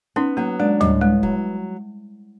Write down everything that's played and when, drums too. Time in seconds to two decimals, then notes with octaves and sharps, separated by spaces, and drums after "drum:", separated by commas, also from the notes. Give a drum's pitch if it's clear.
0.16 B3 C#4 D#4
0.37 F#3 A#3
0.60 G#3 D4
0.81 A2 G3, drum: tom D2
1.01 G#3 B3
1.23 F#3, drum: kick F1